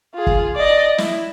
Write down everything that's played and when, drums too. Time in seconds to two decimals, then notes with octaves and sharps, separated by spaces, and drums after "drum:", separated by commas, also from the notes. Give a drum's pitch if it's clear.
0.15 F4 G#4
0.27 drum: kick
0.56 D5 D#5
0.98 E4, drum: snare